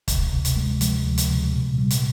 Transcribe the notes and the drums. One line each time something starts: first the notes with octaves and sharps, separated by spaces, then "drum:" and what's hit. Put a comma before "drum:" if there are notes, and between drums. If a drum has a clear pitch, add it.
D2, drum: kick, hi-hat
C3
drum: hi-hat
G#3
F3, drum: hi-hat
D2
drum: hi-hat
C3
A#2
G3
drum: hi-hat